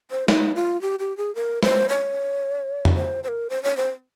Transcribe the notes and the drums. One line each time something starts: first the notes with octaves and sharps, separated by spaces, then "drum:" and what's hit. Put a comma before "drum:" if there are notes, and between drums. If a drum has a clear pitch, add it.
C5
D#4, drum: snare
F4
G4
G4
G#4
A#4
C5, drum: snare
C#5
drum: tom F2
C5
C5
A#4
C5
C#5
C5